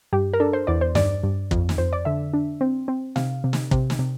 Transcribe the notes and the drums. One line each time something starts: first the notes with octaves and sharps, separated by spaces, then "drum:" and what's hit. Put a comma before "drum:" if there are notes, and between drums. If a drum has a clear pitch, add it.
G2 G4
A#4
D4 A4
C5
E2 D5
C5
G2 D5, drum: snare
G2
F2, drum: kick
drum: snare
F2 C5
D5
D3 E5
D4
C4
C4
C3 F5, drum: snare
C3
drum: snare
C3, drum: kick
drum: snare
C3